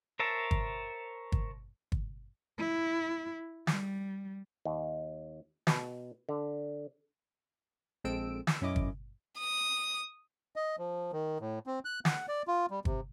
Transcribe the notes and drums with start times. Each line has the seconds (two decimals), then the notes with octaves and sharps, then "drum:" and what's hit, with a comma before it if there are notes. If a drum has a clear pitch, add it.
0.19 A#4 C5 C#5 E5 A5
0.51 drum: kick
1.32 drum: kick
1.92 drum: kick
2.58 E4
3.67 G3, drum: snare
4.65 D#2
5.67 B2, drum: snare
6.29 D3
8.04 A#1 G#3 C4 A4 E6 D7
8.47 E6, drum: snare
8.61 B1 F#2 C#4 E4 D#5 D6
8.76 drum: kick
9.39 D#6
10.56 D#5
10.79 F3
11.12 D#3
11.40 A2
11.67 C4
11.85 F#6
12.05 F#5, drum: snare
12.28 D5
12.48 F4
12.71 G3
12.85 C3, drum: kick